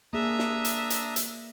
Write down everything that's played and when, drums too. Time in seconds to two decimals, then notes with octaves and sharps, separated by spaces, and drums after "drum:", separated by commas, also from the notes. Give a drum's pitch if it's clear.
0.13 A#3 D4 G#4 E5 A#5 D#6
0.39 drum: snare
0.65 drum: hi-hat
0.90 drum: hi-hat
1.16 drum: hi-hat